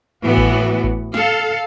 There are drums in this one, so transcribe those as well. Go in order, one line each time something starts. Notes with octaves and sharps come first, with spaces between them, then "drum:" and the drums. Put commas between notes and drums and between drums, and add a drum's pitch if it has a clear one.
A2 E3 B3 F#4
drum: kick G#1
drum: kick G#1
A4 F5, drum: snare